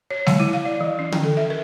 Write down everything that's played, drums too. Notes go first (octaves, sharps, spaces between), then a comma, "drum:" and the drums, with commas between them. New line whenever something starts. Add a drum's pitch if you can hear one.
C#5
F#3, drum: snare G#3
E4
F5
D5
E3
C#4
G5, drum: tom D3
A4
E5
A#4